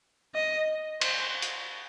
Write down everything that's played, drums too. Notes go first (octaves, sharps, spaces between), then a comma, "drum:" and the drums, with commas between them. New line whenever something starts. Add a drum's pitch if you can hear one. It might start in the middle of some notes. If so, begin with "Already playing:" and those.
D#5
C5, drum: cymbal
drum: hi-hat